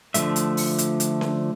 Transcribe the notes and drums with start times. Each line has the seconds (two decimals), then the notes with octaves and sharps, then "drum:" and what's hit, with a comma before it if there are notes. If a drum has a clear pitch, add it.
0.14 D3 F3 A3 E5, drum: hi-hat
0.36 drum: hi-hat
0.57 drum: open hi-hat
0.78 drum: hi-hat
1.00 drum: hi-hat
1.21 drum: snare C#4